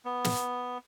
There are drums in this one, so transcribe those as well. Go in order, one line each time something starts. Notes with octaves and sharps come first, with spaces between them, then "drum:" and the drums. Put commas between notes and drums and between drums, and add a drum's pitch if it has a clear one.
B3
drum: snare